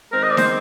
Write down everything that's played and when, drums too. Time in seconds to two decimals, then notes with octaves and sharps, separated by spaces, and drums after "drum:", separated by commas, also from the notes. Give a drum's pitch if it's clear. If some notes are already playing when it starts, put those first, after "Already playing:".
0.12 D#3 G#3 C4 A#4
0.23 D#5
0.31 D5
0.37 C5, drum: snare